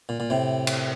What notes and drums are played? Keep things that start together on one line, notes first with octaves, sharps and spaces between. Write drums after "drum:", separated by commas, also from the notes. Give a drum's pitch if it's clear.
A#2
A#2
A2 C3
drum: cymbal